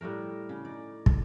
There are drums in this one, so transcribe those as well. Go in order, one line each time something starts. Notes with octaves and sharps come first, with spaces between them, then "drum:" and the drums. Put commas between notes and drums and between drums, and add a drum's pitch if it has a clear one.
A2 G3 A3 A#4
C#3
D#4 D5
drum: kick